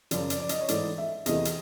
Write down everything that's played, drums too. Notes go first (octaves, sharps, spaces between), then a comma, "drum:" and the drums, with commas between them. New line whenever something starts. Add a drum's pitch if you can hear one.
F#2 C#3 F3 D5, drum: hi-hat
D5, drum: hi-hat
D5
D#5, drum: hi-hat
C#5
G#2 E3 A3 D5, drum: hi-hat
E5
E2 C3 E3 A3 D#5, drum: hi-hat
drum: hi-hat